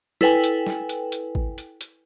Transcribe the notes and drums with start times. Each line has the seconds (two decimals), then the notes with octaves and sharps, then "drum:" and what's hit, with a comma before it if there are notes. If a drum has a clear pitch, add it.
0.21 E4 A4 B4 G5 G#5, drum: snare
0.44 drum: hi-hat
0.66 drum: snare
0.89 drum: hi-hat
1.12 drum: hi-hat
1.35 drum: kick
1.58 drum: hi-hat
1.81 drum: hi-hat